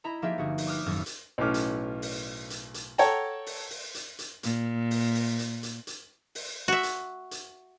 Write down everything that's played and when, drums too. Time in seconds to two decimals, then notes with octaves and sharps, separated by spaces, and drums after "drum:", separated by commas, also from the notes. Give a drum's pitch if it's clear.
0.04 E4 D#5 A#5 B5
0.22 F3 A#3 D#4 G4 G#4 E5
0.38 G1 F#4 G#4
0.58 drum: open hi-hat
0.67 D6 D#6 F6 F#6
0.86 D#1 G#1 F#2 F#3 E6
1.06 drum: hi-hat
1.38 B1 A2 C#4 D6 F6
1.54 drum: hi-hat
2.02 drum: open hi-hat
2.50 drum: hi-hat
2.74 drum: hi-hat
2.98 A4 C#5 F#5 G5 A5 A#5, drum: hi-hat
3.46 drum: open hi-hat
3.71 drum: open hi-hat
3.95 drum: hi-hat
4.19 drum: hi-hat
4.43 A#2, drum: hi-hat
4.91 drum: open hi-hat
5.15 drum: open hi-hat
5.39 drum: hi-hat
5.63 drum: hi-hat
5.87 drum: hi-hat
6.35 drum: open hi-hat
6.68 F#4 E5
6.83 drum: hi-hat
7.31 drum: hi-hat